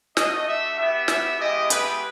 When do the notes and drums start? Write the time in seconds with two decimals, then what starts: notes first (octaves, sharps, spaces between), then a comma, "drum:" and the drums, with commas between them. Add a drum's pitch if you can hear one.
0.17 A3 D4 F#4 D#5, drum: snare
0.47 E5
0.78 B3 E4 G4 E5
1.08 E5, drum: snare
1.39 G#3 B3 E4 G4 D#5
1.70 B4, drum: hi-hat